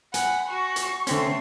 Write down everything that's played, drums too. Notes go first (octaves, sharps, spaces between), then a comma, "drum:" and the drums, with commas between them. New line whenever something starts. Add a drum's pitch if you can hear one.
F#5 G#5 B5, drum: hi-hat
F#4 C#6
drum: hi-hat
D3 A3 C4 C#4 C6, drum: hi-hat